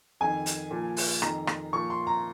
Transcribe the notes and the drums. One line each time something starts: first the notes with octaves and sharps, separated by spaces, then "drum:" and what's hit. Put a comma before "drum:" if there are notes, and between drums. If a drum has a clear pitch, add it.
F2 D#3 G#5
drum: hi-hat
A#2 F3
drum: open hi-hat
F2 D#3 A#5, drum: rim click
drum: rim click
A#2 F3 C#6
C6
A#5